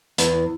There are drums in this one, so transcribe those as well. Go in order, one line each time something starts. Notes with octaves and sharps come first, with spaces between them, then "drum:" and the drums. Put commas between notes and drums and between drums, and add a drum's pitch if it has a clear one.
E2, drum: hi-hat